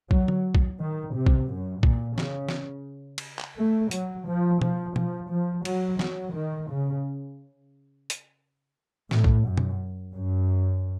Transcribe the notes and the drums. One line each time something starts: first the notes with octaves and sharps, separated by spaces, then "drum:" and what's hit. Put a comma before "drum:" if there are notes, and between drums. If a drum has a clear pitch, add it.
F#3, drum: kick
drum: tom D3
drum: kick
D#3
C3
drum: kick
F#2
A#2, drum: kick
C#3, drum: snare
drum: snare
drum: cymbal
drum: clap
A3
F#3, drum: hi-hat
F3
F3, drum: tom B2
F3, drum: tom B2
F3
F#3, drum: cymbal
F#3, drum: snare
D#3
C#3
drum: hi-hat
A2, drum: snare
drum: kick
F#2
drum: tom B2
F#2